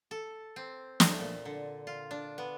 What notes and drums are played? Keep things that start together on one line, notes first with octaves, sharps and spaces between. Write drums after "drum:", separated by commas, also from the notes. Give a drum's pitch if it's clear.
A4
C4
A3, drum: snare
A#2
D3
F4
D4
B3